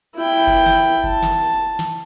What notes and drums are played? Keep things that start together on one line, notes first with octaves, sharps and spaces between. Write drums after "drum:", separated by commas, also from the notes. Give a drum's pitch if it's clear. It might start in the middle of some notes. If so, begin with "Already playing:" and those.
E4 G5
drum: kick F#1
drum: snare
A5, drum: kick F#1
drum: snare
drum: snare